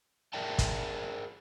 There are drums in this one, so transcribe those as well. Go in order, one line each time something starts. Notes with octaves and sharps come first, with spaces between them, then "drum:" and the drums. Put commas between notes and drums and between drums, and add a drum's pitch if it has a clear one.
G#4 A#4 D5 E5 G5 A5
drum: kick, hi-hat